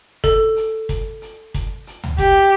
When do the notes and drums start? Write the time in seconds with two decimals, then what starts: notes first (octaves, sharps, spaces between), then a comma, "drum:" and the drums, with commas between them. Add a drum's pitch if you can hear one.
0.24 A4, drum: kick, hi-hat
0.56 drum: hi-hat
0.89 drum: kick, hi-hat
1.22 drum: hi-hat
1.54 drum: kick, hi-hat
1.87 drum: hi-hat
2.03 drum: tom
2.18 G4, drum: kick, hi-hat